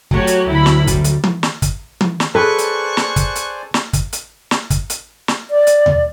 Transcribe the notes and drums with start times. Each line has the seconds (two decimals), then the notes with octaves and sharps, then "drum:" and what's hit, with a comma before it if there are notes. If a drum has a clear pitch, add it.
0.11 F#3 A3 F#4 G4 C#5, drum: kick
0.27 drum: hi-hat
0.46 D2 E4 B5
0.66 drum: snare
0.87 G3, drum: kick, hi-hat
1.04 drum: hi-hat
1.24 drum: tom
1.43 drum: snare
1.62 drum: kick, hi-hat
2.01 drum: tom
2.20 drum: snare
2.35 G#4 A4 B4 C5 D5 G#5 C#6 F#6
2.58 drum: hi-hat
2.97 drum: snare
3.16 drum: kick, hi-hat
3.35 drum: hi-hat
3.74 drum: snare
3.93 drum: kick, hi-hat
4.13 drum: hi-hat
4.51 drum: snare
4.70 drum: kick, hi-hat
4.90 drum: hi-hat
5.28 drum: snare
5.50 D5
5.67 drum: hi-hat
5.86 drum: tom D#2